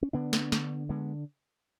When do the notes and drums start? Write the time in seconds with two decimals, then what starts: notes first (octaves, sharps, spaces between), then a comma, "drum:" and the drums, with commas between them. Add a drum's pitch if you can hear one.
0.03 C#4
0.13 D3 B3 D4
0.33 drum: snare
0.52 D3, drum: snare
0.89 D3 G#3 B3